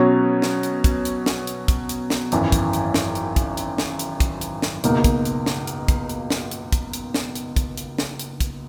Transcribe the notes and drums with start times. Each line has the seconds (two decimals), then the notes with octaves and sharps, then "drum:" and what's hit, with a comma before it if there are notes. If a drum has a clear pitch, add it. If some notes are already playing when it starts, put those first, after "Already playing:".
Already playing: B2 F#3 C#4
0.42 drum: snare
0.63 drum: hi-hat
0.84 drum: kick, hi-hat
1.05 drum: hi-hat
1.26 drum: snare
1.47 drum: hi-hat
1.68 drum: kick, hi-hat
1.89 drum: hi-hat
2.10 drum: snare
2.32 G#1 F#2 E3, drum: hi-hat
2.52 drum: kick, hi-hat
2.73 drum: hi-hat
2.94 drum: snare
3.15 drum: hi-hat
3.36 drum: kick, hi-hat
3.57 drum: hi-hat
3.78 drum: snare
3.99 drum: hi-hat
4.20 drum: kick, hi-hat
4.41 drum: hi-hat
4.62 drum: snare
4.84 C#2 B2 A#3 D#4 A#4, drum: hi-hat
5.04 drum: kick, hi-hat
5.25 drum: hi-hat
5.46 drum: snare
5.67 drum: hi-hat
5.88 drum: kick, hi-hat
6.09 drum: hi-hat
6.30 drum: snare
6.51 drum: hi-hat
6.72 drum: kick, hi-hat
6.93 drum: hi-hat
7.14 drum: snare
7.35 drum: hi-hat
7.56 drum: kick, hi-hat
7.77 drum: hi-hat
7.98 drum: snare
8.19 drum: hi-hat
8.40 drum: kick, hi-hat